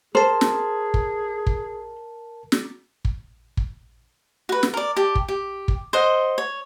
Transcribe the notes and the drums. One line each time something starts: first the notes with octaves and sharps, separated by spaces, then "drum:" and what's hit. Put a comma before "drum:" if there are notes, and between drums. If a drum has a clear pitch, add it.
G#4 A#4 C5 A5
drum: snare
drum: kick
drum: kick
drum: snare
drum: kick
drum: kick
F#4 B4
drum: snare
A#4 D5
G4 A5
drum: kick
G4
drum: kick
C5 D#5 F#5
C#5